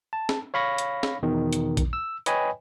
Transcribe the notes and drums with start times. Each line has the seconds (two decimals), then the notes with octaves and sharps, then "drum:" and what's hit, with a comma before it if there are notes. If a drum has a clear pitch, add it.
0.13 A5
0.29 drum: snare
0.54 C#5 F5 B5 C#6 A#6
0.78 drum: hi-hat
1.03 drum: snare
1.23 E2 B2 D#3
1.53 drum: hi-hat
1.77 drum: kick A#1, hi-hat
1.93 E6
2.26 B4 C#5 D#5 G5 G#5 B5, drum: hi-hat